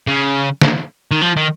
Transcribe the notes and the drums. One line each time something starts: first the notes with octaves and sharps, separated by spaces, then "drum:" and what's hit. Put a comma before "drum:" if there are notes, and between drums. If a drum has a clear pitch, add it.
C#3
drum: snare
D#3
F3
D#3